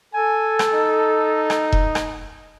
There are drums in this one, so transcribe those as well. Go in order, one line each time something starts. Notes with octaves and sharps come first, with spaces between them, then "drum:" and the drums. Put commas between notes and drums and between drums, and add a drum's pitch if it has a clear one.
A4 G#5
drum: rim click
D#4
drum: rim click
drum: kick E1
drum: rim click